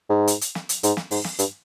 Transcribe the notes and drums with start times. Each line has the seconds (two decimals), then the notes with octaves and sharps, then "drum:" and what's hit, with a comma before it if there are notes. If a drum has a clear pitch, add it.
0.10 G#2
0.27 drum: hi-hat
0.41 drum: hi-hat
0.55 drum: snare
0.69 drum: hi-hat
0.83 G#2, drum: hi-hat
0.97 drum: snare
1.11 G#2, drum: open hi-hat
1.24 drum: snare
1.39 G2, drum: hi-hat